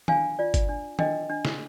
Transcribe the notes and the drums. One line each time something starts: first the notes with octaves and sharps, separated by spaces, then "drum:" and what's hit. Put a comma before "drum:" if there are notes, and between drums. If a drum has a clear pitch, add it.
D4 F5 G#5, drum: tom
F4 D5
drum: kick, hi-hat
D4
D4 D#5 G5, drum: tom
D4
drum: snare